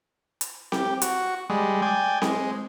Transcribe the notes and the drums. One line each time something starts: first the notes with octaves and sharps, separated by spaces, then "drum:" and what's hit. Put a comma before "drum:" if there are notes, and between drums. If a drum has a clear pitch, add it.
drum: hi-hat
G4, drum: snare C4
F#4, drum: hi-hat
G3 G#3
D5 G5 G#5
G#3, drum: snare C4